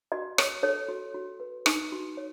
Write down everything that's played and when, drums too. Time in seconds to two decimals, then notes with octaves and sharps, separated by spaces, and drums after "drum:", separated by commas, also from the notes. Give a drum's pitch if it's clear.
0.12 F#4 D#5
0.38 C#5, drum: rim click
0.63 A4 C#5
0.89 F#4
1.14 F#4
1.40 B4
1.66 D#4, drum: rim click
1.92 F#4
2.17 C#5